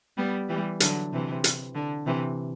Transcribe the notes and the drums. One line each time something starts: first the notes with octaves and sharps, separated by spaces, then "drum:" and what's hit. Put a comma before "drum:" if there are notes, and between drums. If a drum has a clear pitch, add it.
G3 B3
E3 G3
D3 F#3, drum: hi-hat
C3 E3
drum: hi-hat
D3
C3 E3